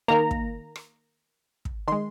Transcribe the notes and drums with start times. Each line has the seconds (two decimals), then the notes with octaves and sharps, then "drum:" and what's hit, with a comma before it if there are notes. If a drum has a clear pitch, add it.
0.08 D#3 A#3 A#5
0.31 drum: kick
0.76 drum: rim click
1.65 drum: kick
1.88 D#3 G#3 C6